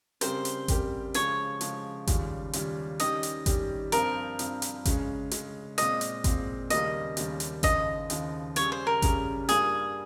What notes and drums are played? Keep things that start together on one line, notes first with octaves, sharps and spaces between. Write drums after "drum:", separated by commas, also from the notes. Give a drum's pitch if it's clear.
C#3 G3 C4 G4 A#4 C5, drum: hi-hat
drum: hi-hat
C#3 G3 C4 G4 A#4, drum: kick G#1, hi-hat
C#3 F3 G#3 C#5, drum: hi-hat
C#3 F3 G#3, drum: hi-hat
D#2 C#3 G3 C#4 F4, drum: kick G#1, hi-hat
D#2 C#3 G3 C#4 F4, drum: hi-hat
D#3 G3 C#4 G4 D#5, drum: hi-hat
drum: hi-hat
D#3 G3 C#4 G4, drum: kick G#1, hi-hat
G2 F3 C4 A#4, drum: hi-hat
G2 F3 C4, drum: hi-hat
drum: hi-hat
C#3 G#3 C#4, drum: kick G#1, hi-hat
C#3 G#3 C#4, drum: hi-hat
A#2 G#3 C4 D#5, drum: hi-hat
drum: hi-hat
A#2 G#3 C4, drum: kick G#1, hi-hat
D#2 C#3 G3 A#3 C#4 D#5, drum: hi-hat
D#2 C#3 G3 A#3 C#4, drum: hi-hat
drum: hi-hat
D#2 C#3 F3 D#5, drum: kick G#1, hi-hat
D#2 C#3 F3, drum: hi-hat
C#3 G3 C#4 G#4 C#5, drum: hi-hat
C5
A#4
C#3 G3 C#4 G#4, drum: kick G#1, hi-hat
G2 G3 A#3 F4 G#4, drum: hi-hat